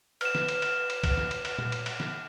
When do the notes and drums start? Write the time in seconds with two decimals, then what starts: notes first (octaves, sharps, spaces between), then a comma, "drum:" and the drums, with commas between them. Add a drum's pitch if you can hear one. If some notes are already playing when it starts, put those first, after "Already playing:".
0.21 B4 F6 E7, drum: cymbal
0.35 drum: snare
0.48 drum: cymbal
0.62 drum: cymbal
0.90 drum: cymbal
1.03 drum: kick B1, cymbal
1.17 drum: snare
1.31 drum: cymbal
1.45 drum: cymbal
1.59 drum: tom A#2
1.72 drum: cymbal
1.86 drum: cymbal
2.00 drum: snare